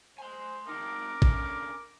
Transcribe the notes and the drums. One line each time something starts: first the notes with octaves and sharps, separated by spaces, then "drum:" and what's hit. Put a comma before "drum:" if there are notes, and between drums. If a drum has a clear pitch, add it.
C5 G#5 C6
C4 D#4 A#4 D6
D3 C#4, drum: kick A1